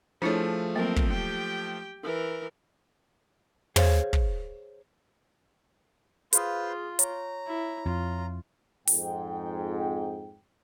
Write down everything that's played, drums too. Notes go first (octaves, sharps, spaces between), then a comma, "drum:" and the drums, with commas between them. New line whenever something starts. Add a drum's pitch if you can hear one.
F3 A3 D4 E4 G#4 C#5
F#3 A#3 C4 A#4
drum: kick
G4 G5
E3 A#4
G#4 C5 C#5 F5, drum: tom
drum: kick
F4 G#4 B4 C5 F5 D#6, drum: hi-hat
C#5 A#5, drum: hi-hat
E4
F2 F4
F2 G#2 G5, drum: open hi-hat